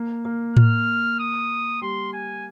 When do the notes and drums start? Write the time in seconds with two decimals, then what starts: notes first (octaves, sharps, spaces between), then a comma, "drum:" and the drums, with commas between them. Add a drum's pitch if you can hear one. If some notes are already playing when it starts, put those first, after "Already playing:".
Already playing: A#3
0.25 A#3
0.57 F6, drum: tom A2
1.19 D#6
1.82 G3 C6
2.13 G#5